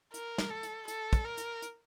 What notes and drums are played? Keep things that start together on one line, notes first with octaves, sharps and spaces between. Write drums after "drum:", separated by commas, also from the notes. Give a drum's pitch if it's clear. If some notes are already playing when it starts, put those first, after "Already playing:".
A#4, drum: hi-hat
drum: snare
A4
drum: hi-hat
A4, drum: hi-hat
drum: kick, hi-hat
A#4
drum: hi-hat
drum: hi-hat